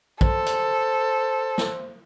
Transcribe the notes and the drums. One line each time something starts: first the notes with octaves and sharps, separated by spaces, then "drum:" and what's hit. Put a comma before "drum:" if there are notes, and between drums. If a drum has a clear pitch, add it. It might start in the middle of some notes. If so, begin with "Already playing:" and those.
A4 C5, drum: kick
drum: hi-hat
drum: snare